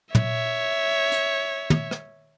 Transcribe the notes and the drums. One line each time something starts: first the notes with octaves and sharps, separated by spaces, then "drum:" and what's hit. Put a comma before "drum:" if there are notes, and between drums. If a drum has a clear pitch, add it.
C#5 E5, drum: tom
drum: hi-hat
drum: tom
drum: rim click